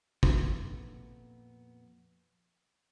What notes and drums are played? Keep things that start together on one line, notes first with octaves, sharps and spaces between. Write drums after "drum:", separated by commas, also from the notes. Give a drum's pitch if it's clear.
F2 A#2 A3 B3, drum: kick